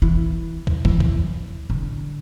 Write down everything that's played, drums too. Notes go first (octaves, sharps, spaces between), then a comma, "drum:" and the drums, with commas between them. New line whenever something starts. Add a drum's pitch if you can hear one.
E3
drum: kick
E3, drum: kick
drum: kick
D3